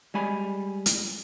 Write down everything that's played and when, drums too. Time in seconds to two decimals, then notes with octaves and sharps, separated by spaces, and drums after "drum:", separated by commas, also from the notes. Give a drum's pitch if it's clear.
0.14 G3 G#3 G#5 B5
0.86 drum: hi-hat